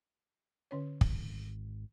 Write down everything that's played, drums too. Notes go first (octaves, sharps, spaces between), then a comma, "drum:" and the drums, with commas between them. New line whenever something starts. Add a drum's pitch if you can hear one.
D3 C#4 C#5
G#1, drum: kick